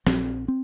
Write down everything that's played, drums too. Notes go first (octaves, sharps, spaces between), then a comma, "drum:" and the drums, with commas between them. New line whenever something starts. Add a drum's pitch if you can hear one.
A#1 C4, drum: snare
C4